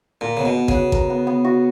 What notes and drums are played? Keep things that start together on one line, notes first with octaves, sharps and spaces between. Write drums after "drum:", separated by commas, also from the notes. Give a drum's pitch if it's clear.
A#2 A#4
C#3 B3
B2
B3
C#3, drum: kick A1
F#4
A#4, drum: kick A1
B3
B3
F#4